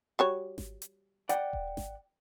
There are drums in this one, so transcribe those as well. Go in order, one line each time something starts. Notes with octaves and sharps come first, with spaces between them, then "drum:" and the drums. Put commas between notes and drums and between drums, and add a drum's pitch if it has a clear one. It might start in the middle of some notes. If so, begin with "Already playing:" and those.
G3 F#4 C#5
drum: snare G#1
drum: hi-hat
D5 F#5 G5, drum: hi-hat
drum: kick D#1
drum: snare G#1